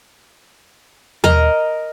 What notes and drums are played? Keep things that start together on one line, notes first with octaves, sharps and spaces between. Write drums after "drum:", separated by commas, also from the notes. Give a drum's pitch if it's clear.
A#4 D#5 A#5, drum: tom D#2